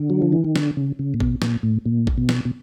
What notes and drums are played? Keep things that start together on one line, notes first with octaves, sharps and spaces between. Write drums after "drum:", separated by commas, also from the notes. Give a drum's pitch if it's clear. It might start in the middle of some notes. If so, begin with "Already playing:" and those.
Already playing: D3
F#3
F3
E3
D#3
D3, drum: snare
C#3
C#3
A#2
B2, drum: kick A1
A#2, drum: snare
A2
A#2
drum: kick A1
B2
drum: snare
B2